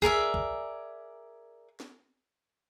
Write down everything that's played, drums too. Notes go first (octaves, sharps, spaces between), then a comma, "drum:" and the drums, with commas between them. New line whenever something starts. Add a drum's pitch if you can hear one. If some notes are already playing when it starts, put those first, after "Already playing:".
G#4 A#4 D5 E5, drum: kick B1
drum: kick B1
drum: snare